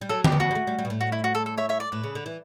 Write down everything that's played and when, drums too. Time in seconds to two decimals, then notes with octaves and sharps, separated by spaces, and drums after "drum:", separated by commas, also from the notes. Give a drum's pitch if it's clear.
0.01 G3
0.09 F#3 A4
0.24 G4, drum: tom D3
0.32 B3
0.40 F#4
0.51 G3
0.55 A3
0.67 G3
0.79 G3
0.85 B2
0.90 A2
1.01 F#4
1.12 E4
1.24 F#4
1.35 A4
1.46 A4
1.57 C#5 E5
1.69 C#5 E5
1.80 D5
1.92 A2 B4
2.04 C#3
2.15 D3
2.26 E3